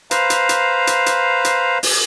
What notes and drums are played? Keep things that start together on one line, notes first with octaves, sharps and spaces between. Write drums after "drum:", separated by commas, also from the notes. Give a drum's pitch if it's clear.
B4 C5 F5 A#5, drum: hi-hat
drum: hi-hat
drum: hi-hat
drum: hi-hat
drum: hi-hat
drum: hi-hat
drum: open hi-hat